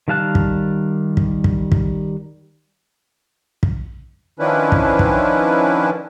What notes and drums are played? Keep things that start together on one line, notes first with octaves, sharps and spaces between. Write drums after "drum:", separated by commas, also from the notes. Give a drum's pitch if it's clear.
D#3 G3 F5 A5 F#6
drum: kick
drum: kick
drum: kick
drum: kick
drum: kick
D#3 F3 C#4 D4 E4 B4
drum: kick
drum: kick